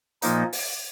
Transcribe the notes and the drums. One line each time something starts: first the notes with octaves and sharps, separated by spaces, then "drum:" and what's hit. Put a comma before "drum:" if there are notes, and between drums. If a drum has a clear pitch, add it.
A#2 F3 A#3 D#4, drum: hi-hat
drum: open hi-hat